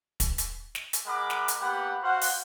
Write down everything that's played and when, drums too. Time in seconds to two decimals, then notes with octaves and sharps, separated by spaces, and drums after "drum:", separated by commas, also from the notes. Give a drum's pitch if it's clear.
0.20 drum: kick, hi-hat
0.38 drum: hi-hat
0.75 drum: snare
0.93 drum: hi-hat
1.07 G#3 A#4 F#5 B5 D6
1.30 drum: snare
1.48 drum: hi-hat
1.61 A#3 B3 G4 F#5 B5
2.03 F#4 C5 F5 F#5
2.21 drum: open hi-hat